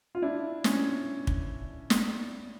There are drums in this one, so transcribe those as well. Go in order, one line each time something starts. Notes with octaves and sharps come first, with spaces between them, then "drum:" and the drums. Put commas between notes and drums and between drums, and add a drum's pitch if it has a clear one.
F4
D4 E4
C#4, drum: snare
drum: kick
drum: snare